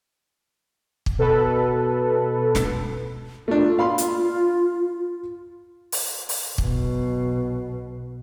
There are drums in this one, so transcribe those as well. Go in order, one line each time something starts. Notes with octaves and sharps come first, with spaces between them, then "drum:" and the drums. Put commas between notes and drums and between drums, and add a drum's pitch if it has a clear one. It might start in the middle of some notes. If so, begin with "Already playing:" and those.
drum: kick
B2 A4 B4
drum: snare
A3 D4 F4
F5 B5 C6
drum: hi-hat
drum: open hi-hat
drum: open hi-hat
B1 B2, drum: kick